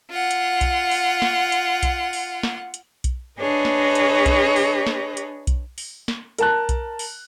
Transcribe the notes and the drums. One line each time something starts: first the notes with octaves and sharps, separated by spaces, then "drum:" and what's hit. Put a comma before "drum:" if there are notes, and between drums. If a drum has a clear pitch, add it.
F4 F#5
drum: hi-hat
drum: kick B1, hi-hat
drum: open hi-hat
drum: snare
drum: hi-hat
drum: kick B1, hi-hat
drum: open hi-hat
drum: snare
drum: hi-hat
drum: kick B1, hi-hat
D4 G#4 B4 C#5 D#5
drum: snare
drum: hi-hat
drum: kick B1, hi-hat
drum: open hi-hat
drum: snare
drum: hi-hat
drum: kick B1, hi-hat
drum: open hi-hat
drum: snare
A#4 A5 F#6, drum: hi-hat
drum: kick B1, hi-hat
drum: open hi-hat